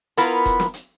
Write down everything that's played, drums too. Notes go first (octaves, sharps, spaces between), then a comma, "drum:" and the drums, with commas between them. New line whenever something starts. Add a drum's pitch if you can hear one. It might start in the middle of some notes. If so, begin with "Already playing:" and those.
B3 E4 F4 A#4 A#5, drum: hi-hat
drum: kick E1, hi-hat
drum: snare
drum: hi-hat